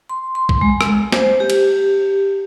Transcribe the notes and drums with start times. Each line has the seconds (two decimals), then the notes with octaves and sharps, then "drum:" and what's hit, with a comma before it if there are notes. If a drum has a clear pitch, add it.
0.09 C6
0.35 C6
0.49 drum: kick B1
0.61 G#3
0.81 drum: rim click
1.12 C5, drum: snare
1.40 G4
1.50 drum: cymbal